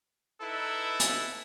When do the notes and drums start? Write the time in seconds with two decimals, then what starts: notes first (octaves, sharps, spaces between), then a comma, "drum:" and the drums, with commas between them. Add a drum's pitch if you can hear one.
0.41 D#4 E4 A4 B4
1.00 drum: hi-hat